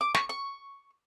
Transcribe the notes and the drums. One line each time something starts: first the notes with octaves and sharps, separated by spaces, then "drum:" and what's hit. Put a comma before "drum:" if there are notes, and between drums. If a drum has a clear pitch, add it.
D6
C#6, drum: snare
C#6